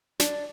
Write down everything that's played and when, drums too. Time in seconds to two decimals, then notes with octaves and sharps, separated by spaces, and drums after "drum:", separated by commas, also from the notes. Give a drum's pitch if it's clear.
0.20 D4, drum: snare